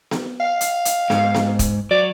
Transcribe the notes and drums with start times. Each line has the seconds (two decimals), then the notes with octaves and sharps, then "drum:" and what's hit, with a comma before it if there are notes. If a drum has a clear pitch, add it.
0.11 drum: snare B3
0.40 F5
0.61 drum: hi-hat
0.85 drum: hi-hat
1.10 G#2, drum: snare B3
1.35 drum: snare B3
1.59 drum: kick, hi-hat
1.91 F#3 D5